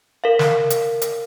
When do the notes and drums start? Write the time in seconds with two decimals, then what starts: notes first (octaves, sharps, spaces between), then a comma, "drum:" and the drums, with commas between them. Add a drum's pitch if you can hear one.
0.24 A#4 F5
0.39 drum: snare
0.70 drum: hi-hat
1.02 drum: hi-hat